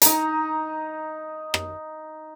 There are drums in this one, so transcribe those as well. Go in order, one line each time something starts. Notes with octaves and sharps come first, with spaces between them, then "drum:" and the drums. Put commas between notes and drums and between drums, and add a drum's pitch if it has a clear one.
D#4 A#5, drum: hi-hat
drum: rim click